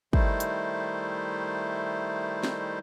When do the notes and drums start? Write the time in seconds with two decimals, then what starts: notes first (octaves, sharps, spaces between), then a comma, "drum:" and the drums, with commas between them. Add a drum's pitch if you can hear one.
0.13 D#3 G3 A3 D#4 E4 C5, drum: kick
0.40 drum: hi-hat
2.43 drum: snare